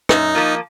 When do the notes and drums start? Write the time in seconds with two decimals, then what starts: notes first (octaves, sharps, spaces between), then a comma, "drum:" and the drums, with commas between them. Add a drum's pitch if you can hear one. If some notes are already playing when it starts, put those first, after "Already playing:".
0.09 F#2 D#4, drum: rim click
0.35 F3 A#3 F4